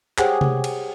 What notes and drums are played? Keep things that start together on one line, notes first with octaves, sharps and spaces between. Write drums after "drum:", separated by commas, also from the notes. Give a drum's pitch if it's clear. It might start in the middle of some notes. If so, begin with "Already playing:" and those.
G4 G#4 C5 C#5 F#5 G#5, drum: clap
drum: tom C3
drum: cymbal